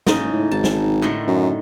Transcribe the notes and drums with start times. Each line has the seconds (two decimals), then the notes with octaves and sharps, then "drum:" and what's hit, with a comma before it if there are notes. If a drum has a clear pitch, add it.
0.07 F#1 G#2 C#3 D#4, drum: snare
0.32 A2
0.51 G#1 A5
0.64 drum: snare
1.02 A2 D3 D#3
1.28 F#2